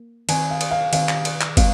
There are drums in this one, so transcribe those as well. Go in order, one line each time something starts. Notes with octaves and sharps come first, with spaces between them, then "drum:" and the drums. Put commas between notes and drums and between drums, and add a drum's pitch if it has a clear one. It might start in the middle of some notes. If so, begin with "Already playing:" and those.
Already playing: A#3
D#3 C4 G#5, drum: cymbal
F5
drum: cymbal
F5
D#3 C4 F5, drum: cymbal
drum: clap
drum: cymbal
drum: clap
G#3 C4 F5, drum: kick, cymbal